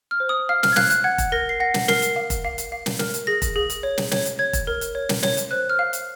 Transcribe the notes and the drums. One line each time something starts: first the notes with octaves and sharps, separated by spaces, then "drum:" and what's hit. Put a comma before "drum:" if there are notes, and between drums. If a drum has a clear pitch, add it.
F6
C5
D#6
F5 F6
F6, drum: snare
G#6
F5 F#6, drum: snare
F#6, drum: hi-hat
F#5 G#6
drum: kick F1, hi-hat
A#4 A#6
C7
F#5 A#6
drum: snare
A#4 C7, drum: snare
drum: hi-hat
F5
drum: kick F1, hi-hat
F5
drum: hi-hat
F5
drum: snare
A#4, drum: snare
drum: hi-hat
G#4 A#6
drum: kick F1, hi-hat
G#4
drum: hi-hat
C#5
drum: snare
C#5, drum: snare
drum: hi-hat
C#5 G#6
drum: kick F1, hi-hat
A#4
drum: hi-hat
C#5
drum: snare
C#5, drum: snare
drum: hi-hat
C5 F#6
F6
F5
drum: hi-hat